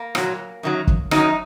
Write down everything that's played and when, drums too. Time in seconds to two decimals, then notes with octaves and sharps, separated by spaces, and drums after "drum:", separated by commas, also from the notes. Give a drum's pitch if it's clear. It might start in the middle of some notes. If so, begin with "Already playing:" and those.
Already playing: A#3
0.15 A#2 F#3, drum: rim click
0.63 F#2 D#3 F#3
0.87 drum: kick
1.11 F#2 D#3 F#3 D#4, drum: rim click